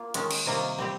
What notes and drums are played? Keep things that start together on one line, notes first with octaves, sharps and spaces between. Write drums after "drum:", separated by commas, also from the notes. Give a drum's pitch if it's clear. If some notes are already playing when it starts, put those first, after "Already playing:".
Already playing: A#3 F4
D#3 G#3 C#4, drum: hi-hat
drum: cymbal
C3 D#3 G3 A#3 F4
G3 C4 G4